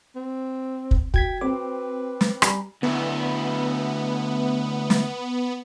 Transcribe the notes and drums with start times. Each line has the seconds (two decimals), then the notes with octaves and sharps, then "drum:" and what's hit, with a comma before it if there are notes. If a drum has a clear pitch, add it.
0.15 C4
0.91 drum: kick
1.14 F#4 G5 G#6 B6, drum: kick
1.41 C4 B4 D6
2.21 drum: snare
2.42 G3 G#5 A#5 B5, drum: rim click
2.83 D2 B3 E4
4.90 drum: snare